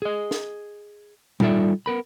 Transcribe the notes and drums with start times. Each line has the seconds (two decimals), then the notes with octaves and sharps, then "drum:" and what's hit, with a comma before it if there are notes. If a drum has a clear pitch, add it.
0.02 G#4 D#5
0.31 drum: snare
1.40 G3 D#4 F4 A4 D5 E5, drum: tom A#2
1.86 B3 A#4 B5